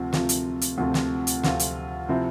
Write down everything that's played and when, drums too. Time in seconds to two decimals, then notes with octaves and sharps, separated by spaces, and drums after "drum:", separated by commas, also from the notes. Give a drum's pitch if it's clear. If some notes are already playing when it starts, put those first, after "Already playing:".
Already playing: D2 C3 F3 C4
0.13 D2 C3 F3 C4 F4, drum: snare
0.29 drum: hi-hat
0.61 drum: hi-hat
0.78 D2 C3 F3 C4 F4
0.94 drum: snare
1.27 drum: hi-hat
1.43 D2 C3 F3 C4 F4, drum: snare
1.60 drum: hi-hat
2.08 C3 F3 C4 E4